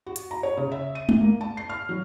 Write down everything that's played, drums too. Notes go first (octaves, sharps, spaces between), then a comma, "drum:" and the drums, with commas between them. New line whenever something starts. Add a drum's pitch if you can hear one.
F#4
drum: hi-hat
A#5
C#5
C#3
E5
D#7
drum: tom G#3
A#3
A5
C7
F6
F#3